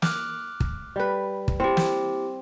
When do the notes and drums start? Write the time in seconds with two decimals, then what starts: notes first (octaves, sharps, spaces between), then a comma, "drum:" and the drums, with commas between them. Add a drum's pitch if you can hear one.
0.02 D6 F6 F#6, drum: snare
0.60 drum: kick
0.96 G3 B4
1.48 drum: kick
1.60 C4 E4 G4
1.77 drum: snare